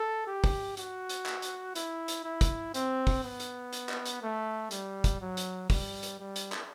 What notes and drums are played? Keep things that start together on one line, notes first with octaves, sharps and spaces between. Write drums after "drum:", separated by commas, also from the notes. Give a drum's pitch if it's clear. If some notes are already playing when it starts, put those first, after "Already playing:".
Already playing: A4
G4
drum: kick, open hi-hat
F#4, drum: hi-hat
drum: hi-hat
drum: clap
drum: hi-hat
E4, drum: hi-hat
drum: hi-hat
E4
drum: kick, hi-hat
C4, drum: hi-hat
drum: kick, open hi-hat
B3
drum: hi-hat
drum: hi-hat
drum: clap
drum: hi-hat
A3
G3, drum: hi-hat
drum: kick, hi-hat
F#3
drum: hi-hat
G3, drum: kick, open hi-hat
drum: hi-hat
G3
drum: hi-hat
drum: clap